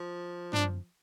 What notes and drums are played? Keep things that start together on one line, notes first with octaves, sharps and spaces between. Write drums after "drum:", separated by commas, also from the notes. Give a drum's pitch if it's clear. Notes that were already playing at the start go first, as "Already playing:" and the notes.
Already playing: F3
D4, drum: tom